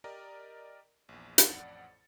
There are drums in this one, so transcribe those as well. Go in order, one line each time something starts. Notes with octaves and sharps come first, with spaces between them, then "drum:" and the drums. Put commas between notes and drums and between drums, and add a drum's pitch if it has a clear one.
G4 A#4 D5 D#5 A#5
A#1 E2
A1 F2 D5 F#5 A6 C#7, drum: hi-hat